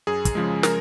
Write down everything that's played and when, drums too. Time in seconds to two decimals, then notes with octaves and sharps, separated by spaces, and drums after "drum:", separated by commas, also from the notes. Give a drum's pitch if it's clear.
0.07 F#2 G#4
0.25 drum: kick, hi-hat
0.35 C#3 F3 G#3
0.63 A#4, drum: snare